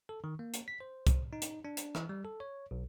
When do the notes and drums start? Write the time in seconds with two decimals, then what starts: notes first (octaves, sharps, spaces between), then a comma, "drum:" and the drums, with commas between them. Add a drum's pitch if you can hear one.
0.09 A4
0.24 D#3
0.39 A#3
0.54 drum: hi-hat
0.68 B6
0.80 C5
1.07 drum: kick C2, hi-hat
1.33 D#4
1.42 drum: hi-hat
1.65 D4
1.77 drum: hi-hat
1.95 E3, drum: rim click
2.09 G3
2.25 A4
2.40 C#5
2.71 B1